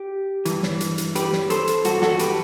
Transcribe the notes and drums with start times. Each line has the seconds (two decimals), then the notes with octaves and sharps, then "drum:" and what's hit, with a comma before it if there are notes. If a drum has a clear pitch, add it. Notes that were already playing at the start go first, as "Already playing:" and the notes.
Already playing: G4
0.45 G2 E3, drum: hi-hat
0.63 drum: snare
0.80 drum: hi-hat
0.98 drum: hi-hat
1.15 G4 B4, drum: hi-hat
1.33 drum: snare
1.50 A4 C5, drum: hi-hat
1.67 drum: hi-hat
1.85 G2 E3 F#4 A4, drum: hi-hat
2.02 F#4 A4, drum: snare
2.19 G4 B4, drum: hi-hat